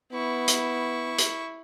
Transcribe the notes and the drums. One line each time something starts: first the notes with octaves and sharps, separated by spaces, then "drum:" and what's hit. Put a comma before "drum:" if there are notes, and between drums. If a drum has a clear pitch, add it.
B3 E4 C#6
drum: hi-hat
drum: hi-hat